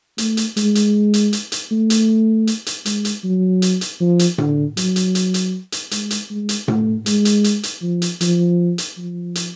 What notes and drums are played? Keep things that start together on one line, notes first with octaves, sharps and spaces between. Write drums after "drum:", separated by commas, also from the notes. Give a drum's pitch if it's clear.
A3, drum: hi-hat
drum: hi-hat
G#3, drum: hi-hat
drum: hi-hat
drum: hi-hat
drum: hi-hat
drum: hi-hat
A3
drum: hi-hat
drum: hi-hat
drum: hi-hat
G#3, drum: hi-hat
drum: hi-hat
F#3
drum: hi-hat
drum: hi-hat
F3
drum: hi-hat
D3, drum: tom A2
F#3, drum: hi-hat
drum: hi-hat
drum: hi-hat
drum: hi-hat
drum: hi-hat
G#3, drum: hi-hat
drum: hi-hat
G#3
drum: hi-hat
A3, drum: tom A2
G#3, drum: hi-hat
drum: hi-hat
drum: hi-hat
drum: hi-hat
F3
drum: hi-hat
F3, drum: hi-hat
drum: hi-hat
F3
drum: hi-hat